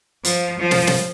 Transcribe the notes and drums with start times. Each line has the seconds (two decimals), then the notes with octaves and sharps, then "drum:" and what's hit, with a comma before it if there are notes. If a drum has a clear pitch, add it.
0.25 F3, drum: hi-hat
0.59 F3
0.71 drum: snare
0.87 drum: snare